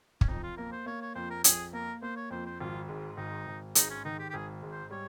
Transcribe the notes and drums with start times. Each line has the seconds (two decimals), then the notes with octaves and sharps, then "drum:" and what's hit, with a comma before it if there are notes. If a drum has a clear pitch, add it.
0.21 C#4, drum: kick
0.28 F2 D#4
0.43 F4
0.57 A#3 A#4
0.72 C5
0.86 A#3 C#5
1.01 C#5
1.15 F2 C5
1.30 A#4
1.44 F2 G#4, drum: hi-hat
1.73 A#3 A#4
2.02 A#3 C5
2.16 C#5
2.31 F2 C5
2.46 C5
2.60 G#1 F4
2.89 G#2
3.17 G#1 D#4
3.47 G#1
3.75 G#2 D#4, drum: hi-hat
3.90 C#4
4.05 D#3 D#4
4.19 G4
4.29 G4
4.33 G#1 G#4
4.63 G#2
4.72 C5
4.90 G3 C#5